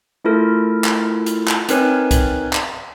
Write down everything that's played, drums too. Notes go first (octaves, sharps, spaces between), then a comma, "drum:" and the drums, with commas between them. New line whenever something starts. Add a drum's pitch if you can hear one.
A3 E4 F4 A4 A#4
drum: clap
drum: hi-hat
drum: clap
C4 D#4 A#4 B4 C#5 G#5, drum: hi-hat
drum: kick C2, hi-hat
drum: clap